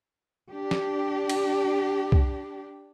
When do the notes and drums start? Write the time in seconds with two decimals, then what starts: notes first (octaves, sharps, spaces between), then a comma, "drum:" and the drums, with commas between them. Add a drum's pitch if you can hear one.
0.49 D4 G4
0.71 drum: snare
1.29 drum: cymbal
2.12 drum: kick C2